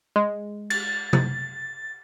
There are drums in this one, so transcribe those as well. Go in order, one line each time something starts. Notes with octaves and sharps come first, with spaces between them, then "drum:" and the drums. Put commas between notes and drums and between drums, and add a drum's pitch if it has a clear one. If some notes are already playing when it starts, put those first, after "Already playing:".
G#3
A6, drum: cymbal
drum: tom C3